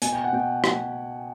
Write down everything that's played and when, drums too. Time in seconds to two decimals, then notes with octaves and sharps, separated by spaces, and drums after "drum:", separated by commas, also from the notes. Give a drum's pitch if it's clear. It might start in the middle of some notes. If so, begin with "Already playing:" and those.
0.02 B2 G#5, drum: hi-hat
0.13 G5
0.24 F#5
0.33 B2 G5
0.64 drum: rim click